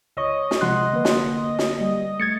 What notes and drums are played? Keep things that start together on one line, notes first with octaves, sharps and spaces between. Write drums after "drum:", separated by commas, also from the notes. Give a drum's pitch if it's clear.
C#2 C#5 D#5 C#6
drum: snare
C3 F3 G#3 F#5 C6 F#6
D3 A#3 B4
drum: snare
drum: snare
G3
A3 G#6 A6 C#7